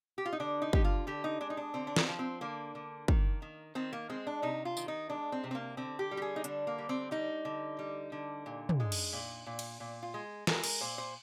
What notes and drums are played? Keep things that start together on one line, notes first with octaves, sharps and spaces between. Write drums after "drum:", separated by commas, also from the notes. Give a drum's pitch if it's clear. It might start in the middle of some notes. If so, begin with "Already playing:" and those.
G4
F4
D#4
D3 D4
D#4
D3 G4, drum: kick
F4
D3 G4
D#4
G#3 D4
D#4
D4
D3 C4
D4
C4, drum: snare
F3
C4
D3 A#3
D3
D#3, drum: kick
D#3
D#3 C4
A#3
G#3 C4
D4
C3 D#4
F4
D#3, drum: tambourine
D#4
G#3 D4
C4
C3
C4
A#3
D3 C4
G4
G3
G4
G#4
D#4
D3 D4, drum: hi-hat
A#3
G3
C4
G3 D#4
D3
G3
D3
A#2
drum: tom
G#3
drum: cymbal
A#2
A#2
drum: cymbal
A#2
F4
G#3
G#3 A#4, drum: snare
A#4, drum: cymbal
A#2 C5
C5